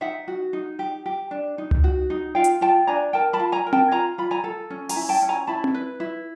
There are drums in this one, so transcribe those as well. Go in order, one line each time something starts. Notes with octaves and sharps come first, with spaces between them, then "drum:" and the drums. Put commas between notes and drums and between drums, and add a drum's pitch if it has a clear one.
D#4 E5 F#5
F#4
D#4
G4
G4
D4
D#4
drum: tom C#2
F#4
D#4
F4 F5 G5
drum: hi-hat
F4 G5 A5
D4 G#5 A#5
A#4 G5 A5
A5 B5
F4
G#5 A#5
A#4
G5 A5, drum: tom C4
F4 G#5 A#5
F4 B5
G#5 A#5
A4
C#4
G#5 A#5, drum: open hi-hat
E4
G5 A5
C#4
G#5 A#5
E4 A5 B5
drum: tom C4
B4
E4